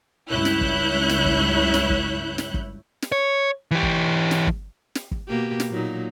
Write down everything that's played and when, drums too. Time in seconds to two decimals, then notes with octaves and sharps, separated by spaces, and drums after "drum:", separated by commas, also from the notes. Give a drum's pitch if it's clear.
0.29 C#2 G2 E4 C#5 F#6 G6
0.45 drum: snare
0.61 drum: kick
1.09 drum: snare
1.26 drum: kick
1.74 drum: snare
1.90 drum: kick
2.38 drum: snare
2.54 drum: kick
3.02 drum: snare
3.12 C#5
3.71 E3 G4
3.83 drum: kick
4.31 drum: snare
4.47 drum: kick
4.95 drum: snare
5.11 drum: kick
5.28 B2 A#3 G4
5.60 drum: snare
5.70 A#2 F#3 D#4